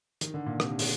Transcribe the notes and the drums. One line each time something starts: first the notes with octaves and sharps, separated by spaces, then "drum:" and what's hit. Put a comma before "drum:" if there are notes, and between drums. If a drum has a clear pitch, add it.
D#3, drum: hi-hat
D3
A#2
C3, drum: rim click
A#2, drum: open hi-hat